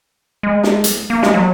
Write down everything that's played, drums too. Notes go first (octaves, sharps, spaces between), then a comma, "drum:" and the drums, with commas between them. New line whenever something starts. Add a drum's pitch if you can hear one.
G#3
drum: snare
drum: hi-hat
A#3
G#3, drum: snare
F#3